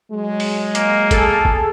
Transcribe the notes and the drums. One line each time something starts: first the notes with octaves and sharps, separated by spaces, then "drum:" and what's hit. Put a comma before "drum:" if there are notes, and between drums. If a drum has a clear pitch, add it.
F#3 G#3
drum: open hi-hat
A#3, drum: hi-hat
G#4 A4, drum: kick, hi-hat
drum: kick